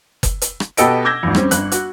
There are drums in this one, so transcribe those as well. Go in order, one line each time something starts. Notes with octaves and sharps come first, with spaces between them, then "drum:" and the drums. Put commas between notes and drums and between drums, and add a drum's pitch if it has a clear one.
drum: kick F#1, hi-hat
drum: hi-hat
drum: rim click
B2 B3 G4 A4 D#5 D7, drum: hi-hat
D6 E6 G6 G#6 A#6
G#1 E2
G3 C4 C#4, drum: rim click
G1 F#6, drum: hi-hat
F#4, drum: hi-hat